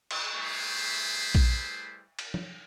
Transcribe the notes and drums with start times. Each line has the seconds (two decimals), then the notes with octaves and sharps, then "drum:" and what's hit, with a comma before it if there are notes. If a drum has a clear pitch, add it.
0.11 drum: cymbal
0.36 G3 A3 E4 G#4 B4 C5
1.35 drum: kick A#1
2.19 drum: cymbal
2.34 drum: tom